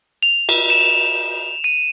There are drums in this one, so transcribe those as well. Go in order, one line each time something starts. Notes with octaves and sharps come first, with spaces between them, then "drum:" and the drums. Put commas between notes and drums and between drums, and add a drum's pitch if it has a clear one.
F7
drum: cymbal
E7
D#7